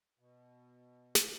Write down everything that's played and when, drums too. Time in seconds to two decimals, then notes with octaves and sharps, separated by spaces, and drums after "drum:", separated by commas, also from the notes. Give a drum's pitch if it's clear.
0.19 B2
1.15 drum: snare